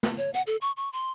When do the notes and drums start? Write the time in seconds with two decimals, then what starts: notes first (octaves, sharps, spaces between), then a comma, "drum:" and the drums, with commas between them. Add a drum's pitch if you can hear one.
0.03 drum: snare
0.18 C#5
0.34 F#5, drum: hi-hat
0.47 A4
0.61 C#6
0.77 C#6
0.93 C6